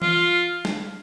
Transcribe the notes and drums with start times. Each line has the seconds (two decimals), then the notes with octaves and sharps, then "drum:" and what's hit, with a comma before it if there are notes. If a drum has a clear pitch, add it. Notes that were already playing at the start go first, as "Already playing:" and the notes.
0.02 F4, drum: tom E3
0.65 drum: snare